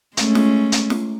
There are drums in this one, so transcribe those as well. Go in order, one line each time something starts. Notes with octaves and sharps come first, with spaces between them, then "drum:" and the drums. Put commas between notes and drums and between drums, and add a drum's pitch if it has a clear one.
G#3 A3 C#4, drum: hi-hat
drum: snare
drum: hi-hat
drum: snare